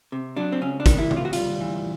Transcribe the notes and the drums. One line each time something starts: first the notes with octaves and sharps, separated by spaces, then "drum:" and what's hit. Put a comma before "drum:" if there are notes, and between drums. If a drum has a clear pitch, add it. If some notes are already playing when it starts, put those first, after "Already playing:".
C3
F#3 D4
C4
C#2 C#4
D4
D#3, drum: kick, hi-hat
E4
C3, drum: tom D3
F4
F#4
G3 F4, drum: hi-hat
E3